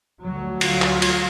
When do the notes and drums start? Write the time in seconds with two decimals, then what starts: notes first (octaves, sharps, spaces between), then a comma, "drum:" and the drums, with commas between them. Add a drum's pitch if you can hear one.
0.25 D2 F#3
0.61 F4, drum: cymbal
0.82 drum: clap
1.02 drum: cymbal